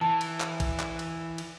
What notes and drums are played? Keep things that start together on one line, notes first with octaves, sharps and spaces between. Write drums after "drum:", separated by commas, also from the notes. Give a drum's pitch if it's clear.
E3 A5
drum: cymbal
drum: clap
drum: kick A#1, cymbal
drum: clap
drum: cymbal
drum: cymbal